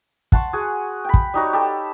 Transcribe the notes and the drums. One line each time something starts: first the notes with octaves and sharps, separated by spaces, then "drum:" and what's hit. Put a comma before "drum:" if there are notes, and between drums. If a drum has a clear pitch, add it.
F#5 A5 C6 C#6, drum: kick
F#4 G#4 F#5 G#5
G5 B5
drum: kick
G3 D#4 F#4 C#5
G4 A4